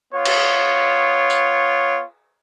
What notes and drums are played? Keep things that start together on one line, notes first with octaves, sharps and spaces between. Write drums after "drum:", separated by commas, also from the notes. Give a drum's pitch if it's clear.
B3 F4 C#5
drum: cymbal
drum: tambourine